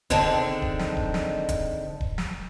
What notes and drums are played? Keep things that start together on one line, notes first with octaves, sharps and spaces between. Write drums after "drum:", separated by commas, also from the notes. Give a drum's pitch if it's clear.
D3 D#3 G#3 C4 D4, drum: kick D#1, hi-hat
drum: kick D#1
drum: snare
drum: kick D#1
drum: snare
drum: kick D#1, hi-hat
drum: kick D#1
drum: snare